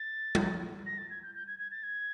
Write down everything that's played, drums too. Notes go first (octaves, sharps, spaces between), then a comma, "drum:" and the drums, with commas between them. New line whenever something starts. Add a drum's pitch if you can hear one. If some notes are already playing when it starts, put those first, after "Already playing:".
Already playing: A6
drum: tom G3
A#6
A6
G#6
G6
G6
G#6
G#6
A6
G#6